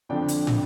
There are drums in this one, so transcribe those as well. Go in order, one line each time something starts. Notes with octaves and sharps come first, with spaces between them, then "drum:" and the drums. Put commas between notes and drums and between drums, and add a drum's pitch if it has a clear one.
F2 D3 F3 D4 D5 G5
drum: hi-hat
drum: tom